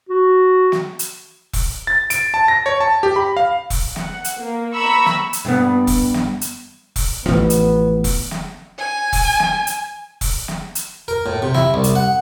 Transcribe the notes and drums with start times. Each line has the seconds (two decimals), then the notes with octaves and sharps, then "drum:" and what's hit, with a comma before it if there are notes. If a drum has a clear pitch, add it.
0.09 F#4
0.72 drum: snare
0.99 drum: hi-hat
1.53 drum: kick E1, open hi-hat
1.87 A6
2.10 D7, drum: hi-hat
2.34 A5
2.48 A#6
2.66 C#5
2.80 A5
3.03 G4
3.16 B5
3.37 F5
3.70 drum: kick E1, open hi-hat
3.96 F#5, drum: snare
4.25 drum: hi-hat
4.38 A#3
4.74 A#5 B5 C#6 E6
5.06 drum: snare
5.33 drum: hi-hat
5.45 G2 G3 B3
5.87 drum: kick E1, open hi-hat
6.14 drum: snare
6.41 drum: hi-hat
6.96 drum: kick E1, open hi-hat
7.26 A1 F3 B3, drum: snare
7.50 drum: hi-hat
8.04 drum: kick E1, open hi-hat
8.31 drum: snare
8.78 G#5
9.13 drum: kick E1, open hi-hat
9.40 drum: snare
9.67 drum: hi-hat
10.21 drum: kick E1, open hi-hat
10.48 drum: snare
10.75 drum: hi-hat
11.08 A#4
11.26 A2
11.42 C3
11.55 E4, drum: snare
11.74 C2
11.84 drum: hi-hat
11.96 F#5